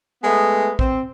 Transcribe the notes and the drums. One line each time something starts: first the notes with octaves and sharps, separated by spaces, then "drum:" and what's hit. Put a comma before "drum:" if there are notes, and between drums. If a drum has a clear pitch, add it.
G#3 A3 B3
C4, drum: kick